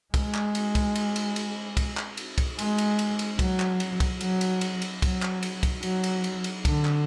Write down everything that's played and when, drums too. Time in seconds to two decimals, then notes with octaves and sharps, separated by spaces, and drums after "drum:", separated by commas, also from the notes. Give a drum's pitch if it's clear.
0.14 G#3, drum: kick, cymbal
0.34 drum: clap
0.55 drum: cymbal
0.75 drum: kick, cymbal
0.95 drum: cymbal
1.16 drum: cymbal
1.36 drum: cymbal
1.77 drum: kick, cymbal
1.97 drum: clap
2.17 drum: cymbal
2.38 drum: kick, cymbal
2.59 G#3, drum: cymbal
2.78 drum: cymbal
2.99 drum: cymbal
3.19 drum: cymbal
3.39 F#3, drum: kick, cymbal
3.60 drum: clap
3.80 drum: cymbal
4.00 drum: kick, cymbal
4.21 F#3, drum: cymbal
4.41 drum: cymbal
4.61 drum: cymbal
4.82 drum: cymbal
5.02 F#3, drum: kick, cymbal
5.22 drum: clap
5.43 drum: cymbal
5.63 drum: kick, cymbal
5.83 F#3, drum: cymbal
6.04 drum: cymbal
6.24 drum: cymbal
6.44 drum: cymbal
6.65 D3, drum: kick, cymbal
6.85 drum: clap